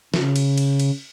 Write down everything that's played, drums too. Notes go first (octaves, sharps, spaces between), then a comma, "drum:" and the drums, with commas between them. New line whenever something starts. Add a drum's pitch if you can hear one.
C#3, drum: snare
drum: cymbal
drum: cymbal
drum: cymbal